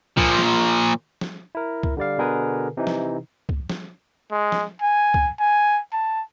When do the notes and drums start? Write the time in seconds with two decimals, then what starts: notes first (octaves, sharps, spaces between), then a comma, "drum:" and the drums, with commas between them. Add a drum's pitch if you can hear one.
0.17 A#2 F3, drum: kick C#2
0.39 drum: snare
1.21 drum: snare
1.55 E4 A#4
1.83 drum: kick C#2
1.97 D3 G3 D5 F5
2.18 B2 D3 G#4 A#4 B4 G#5
2.77 C3 E3 D#4
2.87 drum: snare
3.49 drum: kick C#2
3.70 drum: snare
4.32 G#3
4.52 drum: snare
4.82 G#5
5.14 drum: kick C#2
5.40 G#5
5.93 A5